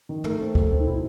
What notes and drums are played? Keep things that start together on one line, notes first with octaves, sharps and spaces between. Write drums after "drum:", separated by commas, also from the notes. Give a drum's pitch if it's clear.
D#3
A3 A#4, drum: tom
C4 A4
A3 A4, drum: kick
C4
D#4
B2 E4